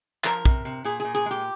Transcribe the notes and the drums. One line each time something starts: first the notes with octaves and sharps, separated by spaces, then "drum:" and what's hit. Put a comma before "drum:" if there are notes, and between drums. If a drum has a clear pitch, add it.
F3 A#4, drum: clap
C3, drum: kick
C3
A#2 G#4
A#2 G#4
G#4
G#3 G4